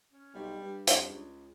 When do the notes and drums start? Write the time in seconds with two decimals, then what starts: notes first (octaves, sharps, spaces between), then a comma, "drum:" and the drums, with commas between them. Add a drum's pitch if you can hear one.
0.11 C#4
0.34 B1 G3
0.61 G2
0.87 F2, drum: hi-hat
1.09 C#2